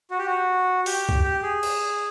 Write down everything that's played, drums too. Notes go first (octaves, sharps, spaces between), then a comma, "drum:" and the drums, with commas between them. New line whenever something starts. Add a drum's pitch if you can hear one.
F#4
G4
F#4
G4, drum: open hi-hat
drum: kick
G4
G#4
drum: cymbal